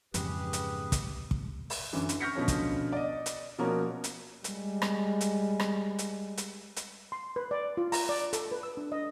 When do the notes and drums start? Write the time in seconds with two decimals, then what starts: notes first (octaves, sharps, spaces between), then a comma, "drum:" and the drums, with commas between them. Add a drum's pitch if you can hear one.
0.14 F2 G#2 C#3 E3 G4 G#4 B4, drum: hi-hat
0.53 drum: hi-hat
0.92 drum: kick, hi-hat
1.31 drum: kick
1.70 drum: open hi-hat
1.93 F#2 D3 E3
2.09 drum: hi-hat
2.20 C#6 F6 G6 A#6 B6 C#7
2.35 B2 D3 F3 C#4
2.48 drum: kick, hi-hat
2.93 D5 D#5
3.26 drum: hi-hat
3.58 B2 F3 A#3 C#4 F#4 A#4
4.04 drum: hi-hat
4.44 G3 G#3, drum: hi-hat
4.82 drum: rim click
5.21 drum: hi-hat
5.60 drum: rim click
5.99 drum: hi-hat
6.37 drum: hi-hat
6.76 drum: hi-hat
7.12 C6
7.36 B4
7.51 D5
7.77 F4
7.92 A#5, drum: open hi-hat
8.09 D5
8.33 A4, drum: hi-hat
8.52 B4
8.63 E6
8.77 D4
8.92 D#5